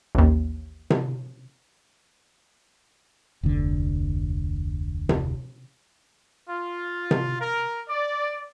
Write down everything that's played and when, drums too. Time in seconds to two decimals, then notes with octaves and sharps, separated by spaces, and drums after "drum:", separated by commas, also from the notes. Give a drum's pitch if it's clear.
0.15 A1 D#2
0.90 drum: tom C3
3.43 F1 D2 D3
5.09 drum: tom C3
6.49 F4
7.11 drum: tom C3
7.41 A#4
7.88 D5